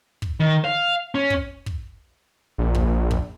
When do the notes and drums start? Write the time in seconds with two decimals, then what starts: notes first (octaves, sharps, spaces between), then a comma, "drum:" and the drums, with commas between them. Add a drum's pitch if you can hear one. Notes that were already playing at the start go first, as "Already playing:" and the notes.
0.22 drum: kick
0.40 D#3
0.65 F5
1.15 C#4
1.30 drum: kick
1.66 drum: kick
2.58 A#1
2.75 drum: kick
3.11 drum: kick